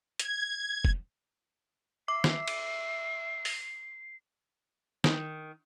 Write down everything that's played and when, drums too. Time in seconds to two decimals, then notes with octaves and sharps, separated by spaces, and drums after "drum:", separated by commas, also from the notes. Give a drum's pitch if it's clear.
0.19 G#6, drum: hi-hat
0.85 drum: kick F1
2.08 E5 D6 C7
2.24 drum: snare
2.48 drum: cymbal
3.45 drum: open hi-hat
5.04 D#3, drum: snare